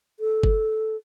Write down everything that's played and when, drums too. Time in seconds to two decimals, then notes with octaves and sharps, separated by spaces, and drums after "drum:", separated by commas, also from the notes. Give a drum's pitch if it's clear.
0.20 A4
0.43 drum: kick F#1